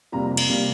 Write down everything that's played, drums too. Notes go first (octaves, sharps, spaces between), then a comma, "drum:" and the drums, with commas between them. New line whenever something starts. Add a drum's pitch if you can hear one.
F2 C3 G3 A#3 A#5
drum: cymbal
C3 G3 A#3